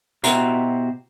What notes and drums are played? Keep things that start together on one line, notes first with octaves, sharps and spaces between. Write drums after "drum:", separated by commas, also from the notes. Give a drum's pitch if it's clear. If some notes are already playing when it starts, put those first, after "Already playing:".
B2 E4 F#4 G4 C5 A#5, drum: hi-hat